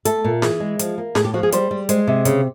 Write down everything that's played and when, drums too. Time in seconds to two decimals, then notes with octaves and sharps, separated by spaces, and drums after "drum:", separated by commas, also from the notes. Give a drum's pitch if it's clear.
0.05 A3 A4, drum: hi-hat
0.24 A#2
0.42 E3 G#4, drum: snare
0.60 G#3
0.79 F3, drum: hi-hat
0.98 A#3
1.15 A2 G#4, drum: snare
1.25 G4
1.34 F3 F#4
1.43 G#4
1.52 G3 C5, drum: hi-hat
1.71 G3
1.89 G#3 C5, drum: hi-hat
2.07 C3
2.25 C#3, drum: hi-hat